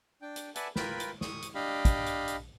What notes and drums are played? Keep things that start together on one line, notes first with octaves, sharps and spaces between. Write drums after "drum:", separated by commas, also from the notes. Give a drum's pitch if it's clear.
D4 G5
drum: hi-hat
B4 D5 E5 F#5 G#5 A5, drum: hi-hat
F4 A#4 B4 G5 B5, drum: snare
drum: hi-hat
C#6 D#6, drum: snare
drum: hi-hat
D4 G4 D#5 F5 B5
drum: kick, hi-hat
drum: hi-hat
drum: hi-hat